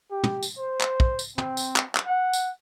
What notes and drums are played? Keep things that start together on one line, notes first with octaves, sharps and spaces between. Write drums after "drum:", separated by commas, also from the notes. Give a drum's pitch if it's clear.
G4
drum: tom
drum: tambourine
C5
drum: clap
drum: kick
drum: tambourine
C4, drum: tom
drum: tambourine
drum: clap
drum: clap
F#5
drum: tambourine